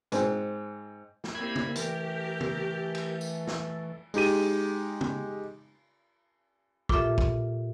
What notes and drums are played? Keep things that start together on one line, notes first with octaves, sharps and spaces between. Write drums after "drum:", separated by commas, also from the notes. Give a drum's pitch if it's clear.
G#2 C4, drum: hi-hat
drum: snare
G3 A#3 C4 E4 B5 G#6
drum: tom C#3
E3 A3 G4 A#4, drum: hi-hat
drum: tom C#3
drum: cymbal
drum: tambourine
drum: snare
G#3 D#4 G4 D#7, drum: open hi-hat
drum: tom C#3
A#2 F4 G4 A4 E5, drum: kick
drum: kick